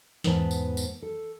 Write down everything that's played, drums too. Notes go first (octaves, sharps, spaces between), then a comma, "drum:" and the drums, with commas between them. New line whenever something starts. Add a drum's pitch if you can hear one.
E2 G#2 B3 B4 C5 A5, drum: snare
drum: tambourine
drum: tambourine
A4